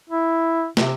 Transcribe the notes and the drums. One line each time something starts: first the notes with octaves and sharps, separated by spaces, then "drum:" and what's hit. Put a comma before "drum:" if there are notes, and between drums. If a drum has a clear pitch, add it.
E4
C3, drum: snare